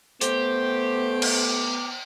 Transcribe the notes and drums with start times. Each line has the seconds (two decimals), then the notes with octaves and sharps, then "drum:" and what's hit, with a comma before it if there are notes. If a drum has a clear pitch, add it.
0.21 A3 B3 G4 C5, drum: hi-hat
1.22 drum: cymbal